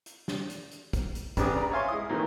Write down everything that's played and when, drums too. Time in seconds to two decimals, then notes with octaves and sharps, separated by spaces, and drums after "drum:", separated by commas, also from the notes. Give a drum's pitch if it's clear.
0.06 drum: hi-hat
0.28 drum: snare
0.50 drum: hi-hat
0.72 drum: hi-hat
0.93 drum: kick, hi-hat
1.15 drum: hi-hat
1.37 A1 B3 D4 G4 G#5 D#6, drum: kick, hi-hat
1.53 B4 D5 A#5
1.71 C#5 E5 F5 G#5 C6 C#6
1.89 G#3 E4 D#6
2.09 A#2 D#3 E3 A3